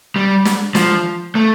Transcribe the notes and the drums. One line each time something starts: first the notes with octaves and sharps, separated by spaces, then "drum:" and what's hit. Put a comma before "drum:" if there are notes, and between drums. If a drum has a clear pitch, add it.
G3
drum: snare
F3, drum: snare
A3